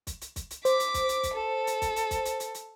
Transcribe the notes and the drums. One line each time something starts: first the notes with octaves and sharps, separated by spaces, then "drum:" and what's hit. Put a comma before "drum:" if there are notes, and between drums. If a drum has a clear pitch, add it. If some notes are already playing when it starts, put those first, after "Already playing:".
drum: kick, hi-hat
drum: hi-hat
drum: kick, hi-hat
drum: hi-hat
C5 D6 B6, drum: hi-hat
drum: hi-hat
drum: kick, hi-hat
drum: hi-hat
drum: kick, hi-hat
A4
drum: hi-hat
drum: kick, hi-hat
drum: hi-hat
drum: kick, hi-hat
drum: hi-hat
drum: hi-hat
drum: hi-hat